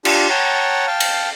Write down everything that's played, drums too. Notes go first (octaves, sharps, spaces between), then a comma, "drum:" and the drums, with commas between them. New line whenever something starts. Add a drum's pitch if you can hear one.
D4 F4 G4, drum: cymbal
C#5 F#5 G5 A5 A#5
F5 G5 A5
drum: cymbal